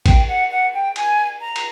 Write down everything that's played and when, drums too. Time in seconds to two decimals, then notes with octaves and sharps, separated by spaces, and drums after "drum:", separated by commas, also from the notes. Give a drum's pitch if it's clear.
0.06 G5, drum: kick A1, cymbal
0.28 F#5
0.50 F#5
0.74 G5
0.96 G#5, drum: cymbal
1.41 A#5
1.56 drum: cymbal